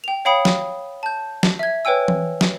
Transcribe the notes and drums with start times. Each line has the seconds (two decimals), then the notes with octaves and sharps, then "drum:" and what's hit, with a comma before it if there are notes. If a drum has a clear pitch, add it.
0.04 G5 F7
0.25 C#5 F5 G5 B5 D#6 C#7
0.45 drum: snare
1.03 A5 G6
1.43 drum: snare
1.59 E5 G#6
1.85 B4 C#5 G5 G#5 E6
2.08 drum: tom E3
2.41 drum: snare